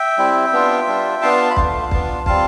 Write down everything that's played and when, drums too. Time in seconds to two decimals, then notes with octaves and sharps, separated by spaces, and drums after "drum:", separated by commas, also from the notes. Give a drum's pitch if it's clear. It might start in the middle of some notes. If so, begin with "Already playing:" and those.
Already playing: E5 G5
0.17 G3 C4 E4
0.52 B3 D4 F4
0.87 G3 D4 F4
1.22 B3 D4 F4 F5 A5
1.50 B5
1.57 A3 D4 F4 F5 A5, drum: kick
1.91 B3 D4 F4, drum: kick
2.26 G3 C4 F4 F5 A5, drum: kick